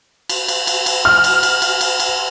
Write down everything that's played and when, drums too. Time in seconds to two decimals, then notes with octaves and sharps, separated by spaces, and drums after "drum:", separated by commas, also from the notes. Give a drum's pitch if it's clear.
0.29 drum: cymbal
0.48 drum: cymbal
0.67 drum: cymbal
0.86 drum: cymbal
1.05 F6
1.24 drum: cymbal
1.43 drum: cymbal
1.62 drum: cymbal
1.81 drum: cymbal
2.00 drum: cymbal